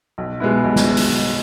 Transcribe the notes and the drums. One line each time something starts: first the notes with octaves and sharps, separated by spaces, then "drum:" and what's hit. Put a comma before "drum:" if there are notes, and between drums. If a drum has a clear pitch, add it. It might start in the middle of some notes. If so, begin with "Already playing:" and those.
B1
B2 G#3 B3 E4
B1
drum: snare
drum: open hi-hat